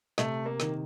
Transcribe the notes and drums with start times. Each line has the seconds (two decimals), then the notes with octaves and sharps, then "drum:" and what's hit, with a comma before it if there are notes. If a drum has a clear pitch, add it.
0.18 C3 A3, drum: snare
0.46 A#3
0.60 D#3, drum: snare